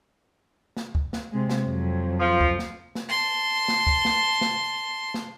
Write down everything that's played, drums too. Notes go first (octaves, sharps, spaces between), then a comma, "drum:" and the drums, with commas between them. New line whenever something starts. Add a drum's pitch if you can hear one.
drum: snare
drum: kick C#2
drum: snare
C3 G#3
drum: snare
F2 F#3
F3
drum: kick C#2
drum: snare
drum: snare
A5 C6
drum: snare
drum: kick C#2
drum: snare
drum: snare
drum: snare